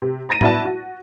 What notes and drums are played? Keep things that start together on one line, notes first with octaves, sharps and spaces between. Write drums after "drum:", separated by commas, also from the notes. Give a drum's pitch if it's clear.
C3
A#5 A6 A#6 D#7
B3 E4 F#4 D5 E5 A5, drum: tom
F#4